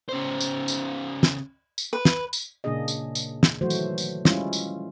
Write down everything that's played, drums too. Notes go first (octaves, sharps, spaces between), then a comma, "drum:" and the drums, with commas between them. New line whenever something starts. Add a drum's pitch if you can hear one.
C#3 C5
drum: tambourine
drum: tambourine
drum: snare
drum: tambourine
B4
drum: snare
drum: tambourine
A#2 C#3 A#3 D4 G#4 D#5
drum: tambourine
drum: tambourine
drum: snare
D#3 E3 F#3 A3 F#4 C5
drum: tambourine
drum: tambourine
G3 G#3 C#4 E4 F4, drum: snare
drum: tambourine